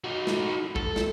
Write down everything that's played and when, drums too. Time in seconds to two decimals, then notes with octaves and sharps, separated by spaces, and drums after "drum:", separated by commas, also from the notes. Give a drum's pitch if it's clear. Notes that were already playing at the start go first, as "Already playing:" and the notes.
0.04 D#4 F#4
0.27 drum: snare
0.76 A4, drum: kick
0.96 drum: snare